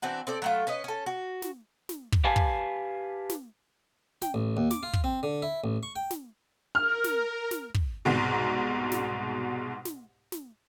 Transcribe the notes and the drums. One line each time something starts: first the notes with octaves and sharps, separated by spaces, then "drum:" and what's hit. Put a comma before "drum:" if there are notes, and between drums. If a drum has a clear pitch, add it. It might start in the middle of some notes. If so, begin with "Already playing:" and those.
E3 C4 D4 F#4
C4 A4 D5
F#3 A3 F4
C#4 B4 D#5
C#4 A4
F#4
drum: snare
drum: snare
drum: kick
G4 B4 F5 G#5 A5
drum: kick
drum: snare
G5, drum: snare
A1
D#2
D6, drum: snare
F4
drum: kick
C4
D3
E4
A1
C#6
G5
drum: snare
A#4 F6
drum: snare
drum: snare
drum: kick
C2 G#2 B2
drum: snare
drum: snare
drum: snare